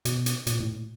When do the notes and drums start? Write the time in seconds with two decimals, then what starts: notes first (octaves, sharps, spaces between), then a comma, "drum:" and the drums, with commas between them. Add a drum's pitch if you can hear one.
0.05 B2, drum: hi-hat
0.26 drum: hi-hat
0.47 A#2, drum: hi-hat
0.60 A2